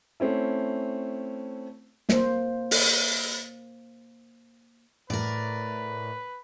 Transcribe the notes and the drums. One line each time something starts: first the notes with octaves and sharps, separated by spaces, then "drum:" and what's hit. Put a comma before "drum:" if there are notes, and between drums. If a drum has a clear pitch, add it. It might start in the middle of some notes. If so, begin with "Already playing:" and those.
A3 C4 C#4 E4
A#3 C5, drum: snare
drum: open hi-hat
A2 A#4 B4 D5